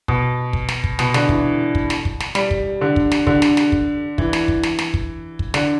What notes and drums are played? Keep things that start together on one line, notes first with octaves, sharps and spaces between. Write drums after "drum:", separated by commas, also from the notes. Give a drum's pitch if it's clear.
B2, drum: kick
drum: kick
drum: snare
drum: kick
B2, drum: snare
D3, drum: snare
E3, drum: kick
drum: kick
drum: snare
drum: kick
drum: snare
G3, drum: snare
drum: kick
D3
drum: kick
drum: snare
D3, drum: kick
drum: snare
drum: snare
drum: kick
E3, drum: kick
drum: snare
drum: kick
drum: snare
drum: snare
drum: kick
drum: kick
D3, drum: snare